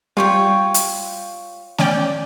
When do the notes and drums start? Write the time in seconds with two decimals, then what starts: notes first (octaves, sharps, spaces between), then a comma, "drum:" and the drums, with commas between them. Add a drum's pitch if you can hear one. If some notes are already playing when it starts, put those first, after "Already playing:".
0.17 G3 F4 C#5 G5
0.74 drum: hi-hat
1.78 C#4 D5 G5, drum: snare A3